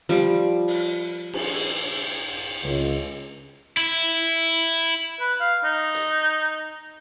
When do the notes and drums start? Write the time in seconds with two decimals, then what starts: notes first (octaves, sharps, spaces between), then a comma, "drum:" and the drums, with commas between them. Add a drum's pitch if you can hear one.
0.09 F3 G3, drum: hi-hat
0.68 drum: open hi-hat
1.33 drum: cymbal
2.64 C#2
3.77 E4
5.20 B4
5.41 F5
5.64 D#4
5.95 drum: hi-hat